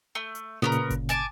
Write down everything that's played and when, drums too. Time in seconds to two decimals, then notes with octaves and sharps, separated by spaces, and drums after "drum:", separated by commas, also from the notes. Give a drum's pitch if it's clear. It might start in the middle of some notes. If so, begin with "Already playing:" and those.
0.15 A3
0.35 drum: hi-hat
0.62 A#2 C#3 B3 C#4 A#4
0.72 drum: hi-hat
0.90 drum: kick G1, hi-hat
1.09 G#5 A5 D6, drum: hi-hat